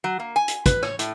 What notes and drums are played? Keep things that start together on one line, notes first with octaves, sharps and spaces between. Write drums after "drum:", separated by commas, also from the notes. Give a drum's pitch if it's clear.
F#3
A#3
G#5
drum: hi-hat
B4, drum: kick, hi-hat
C#5, drum: rim click
A2, drum: hi-hat